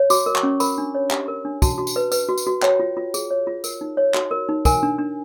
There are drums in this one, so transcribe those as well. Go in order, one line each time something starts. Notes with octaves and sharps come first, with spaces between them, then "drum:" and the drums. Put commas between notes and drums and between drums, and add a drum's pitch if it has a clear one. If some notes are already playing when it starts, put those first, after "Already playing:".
Already playing: C#5
F#4 D6, drum: tambourine
A#4
C#6, drum: clap
C#4
A#4 B5, drum: tambourine
D4
C#5
G4, drum: clap
A#4
D4
F#4 A5, drum: kick, tambourine
F#4
drum: tambourine
B4
B4, drum: tambourine
F#4
drum: tambourine
F#4
C#5 G5, drum: clap
F4
F4
G#4, drum: tambourine
C#5
F4
A#4, drum: tambourine
D#4
C#5
F#4, drum: clap
A#4
D#4
A#4 G#5, drum: kick, tambourine
D4
D4